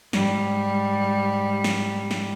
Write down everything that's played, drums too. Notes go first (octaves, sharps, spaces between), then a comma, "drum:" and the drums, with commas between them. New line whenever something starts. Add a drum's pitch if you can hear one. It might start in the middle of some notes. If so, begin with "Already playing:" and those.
G#2 G3, drum: snare
drum: snare
drum: snare